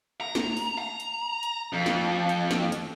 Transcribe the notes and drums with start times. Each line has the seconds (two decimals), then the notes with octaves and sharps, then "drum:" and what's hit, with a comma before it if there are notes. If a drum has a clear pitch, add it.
0.21 A#5
0.35 drum: snare
0.57 drum: open hi-hat
0.78 A#5
1.00 drum: hi-hat
1.43 drum: hi-hat
1.73 F2
1.86 drum: snare
2.29 drum: hi-hat
2.51 drum: snare
2.72 drum: hi-hat